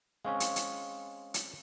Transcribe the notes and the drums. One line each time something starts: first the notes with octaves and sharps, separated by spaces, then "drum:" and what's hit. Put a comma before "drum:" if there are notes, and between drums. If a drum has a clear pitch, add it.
G#3 C4 C#4 F5 C#6
drum: hi-hat
drum: hi-hat
drum: hi-hat